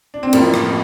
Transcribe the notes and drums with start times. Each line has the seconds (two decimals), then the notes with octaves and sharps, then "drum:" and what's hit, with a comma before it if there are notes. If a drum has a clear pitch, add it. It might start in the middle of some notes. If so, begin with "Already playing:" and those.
0.14 D4
0.23 C4
0.33 A1 A2 F3 A#3, drum: cymbal
0.54 drum: rim click